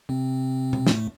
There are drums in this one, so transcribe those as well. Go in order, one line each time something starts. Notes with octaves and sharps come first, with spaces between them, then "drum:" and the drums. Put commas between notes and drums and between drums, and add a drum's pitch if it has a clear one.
C3 C4
drum: tom B2
A2 A3, drum: snare